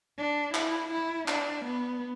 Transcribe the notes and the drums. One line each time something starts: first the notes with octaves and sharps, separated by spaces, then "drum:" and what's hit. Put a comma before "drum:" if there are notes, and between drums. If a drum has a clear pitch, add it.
D4
E4, drum: clap
E4
D4, drum: clap
B3